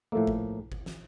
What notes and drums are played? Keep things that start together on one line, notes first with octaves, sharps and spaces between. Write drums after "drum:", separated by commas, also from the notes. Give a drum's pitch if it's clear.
A2 F3 A3 A#3
drum: kick G1
drum: kick G1
drum: snare